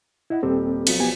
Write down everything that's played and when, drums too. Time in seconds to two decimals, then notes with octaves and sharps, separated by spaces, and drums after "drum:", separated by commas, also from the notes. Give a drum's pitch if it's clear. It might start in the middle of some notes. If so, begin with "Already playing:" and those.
0.30 E4 D#5 F#5
0.43 D#1 A#2 C4 G4 A4
0.87 B1 F3, drum: cymbal
0.99 B3 G4 G#5